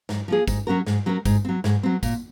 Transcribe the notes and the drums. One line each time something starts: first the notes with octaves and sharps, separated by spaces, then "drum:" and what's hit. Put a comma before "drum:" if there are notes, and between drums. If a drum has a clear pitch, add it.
G#2, drum: snare
F3 A#3 F4 G#4
G#2, drum: kick, tambourine
F#3 C#4 F#4 A#4
G#2, drum: snare
F#3 C#4 F#4 A#4
G#2, drum: kick, tambourine
F#3 C4
G#2, drum: snare
F#3 C4
A#2, drum: kick, tambourine